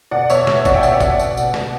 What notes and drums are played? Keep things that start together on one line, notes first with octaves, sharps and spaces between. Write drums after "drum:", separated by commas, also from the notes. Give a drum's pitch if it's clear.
B2 D5 F#5
B2 C#5 E5, drum: tambourine
B2, drum: snare
B2 D5 F#5, drum: kick, tambourine
E5 G5
B2 D5 F#5, drum: tambourine
C#5 E5
B2 D5 F#5, drum: kick, tambourine
B2, drum: tambourine
B2, drum: tambourine
B2, drum: snare